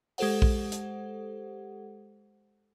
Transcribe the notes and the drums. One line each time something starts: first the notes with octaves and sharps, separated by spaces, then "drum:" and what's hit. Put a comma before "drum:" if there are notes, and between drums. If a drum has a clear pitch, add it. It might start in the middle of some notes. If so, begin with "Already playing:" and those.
G#3 G4 A4 C5 F#5, drum: open hi-hat
drum: kick A#1
drum: hi-hat